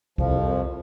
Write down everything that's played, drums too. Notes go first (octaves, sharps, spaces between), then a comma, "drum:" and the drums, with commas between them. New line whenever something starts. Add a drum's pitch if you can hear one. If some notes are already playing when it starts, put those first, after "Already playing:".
C2 F2 F3, drum: kick C#2